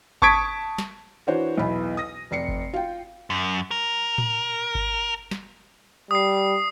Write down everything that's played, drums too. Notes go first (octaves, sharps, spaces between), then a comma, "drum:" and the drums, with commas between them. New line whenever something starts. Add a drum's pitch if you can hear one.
A5 C#6 D#6 G#6 B6 D7, drum: kick G1
drum: snare
E3 D4 F#4 C5 C#5
B1 E2 B5
D#6 A#6
F1 D5 C7 C#7
drum: kick G1
F4 G5
F#2
A#4
drum: tom A2
drum: kick G1
drum: snare
G3 D#6 C7